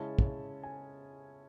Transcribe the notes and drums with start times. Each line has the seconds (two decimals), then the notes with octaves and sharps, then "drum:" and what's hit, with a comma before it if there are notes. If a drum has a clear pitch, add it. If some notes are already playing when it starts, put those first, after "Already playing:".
Already playing: C#3 G#3 C#4 E4 A5
0.19 drum: kick
0.63 G#5